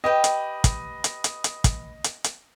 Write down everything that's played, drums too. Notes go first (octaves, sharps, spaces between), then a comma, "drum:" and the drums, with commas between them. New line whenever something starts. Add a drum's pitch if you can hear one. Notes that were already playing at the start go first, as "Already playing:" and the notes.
G4 B4 D#5 G5
drum: hi-hat
drum: kick, hi-hat
drum: hi-hat
drum: hi-hat
drum: hi-hat
drum: kick, hi-hat
drum: hi-hat
drum: hi-hat